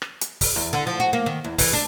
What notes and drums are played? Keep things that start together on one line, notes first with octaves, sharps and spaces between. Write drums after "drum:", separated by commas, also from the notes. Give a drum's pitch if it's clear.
drum: rim click
drum: hi-hat
drum: kick, open hi-hat
E2
D3
F3
F#4
A#3
D#3
E2
E3, drum: kick, open hi-hat
D4